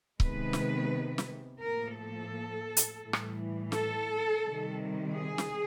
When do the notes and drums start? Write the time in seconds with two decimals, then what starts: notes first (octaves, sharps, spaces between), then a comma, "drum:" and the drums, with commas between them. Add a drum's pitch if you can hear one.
0.20 C3 D#3 G#3 B3 B4, drum: kick C#1
0.53 drum: snare
1.18 drum: snare
1.61 A2 F3 A#3 A#4
1.96 A4
2.77 drum: hi-hat
3.02 A2 E3 G3
3.13 drum: rim click
3.72 A4, drum: snare
4.42 C3 D#3 G3
5.13 G#4
5.38 drum: snare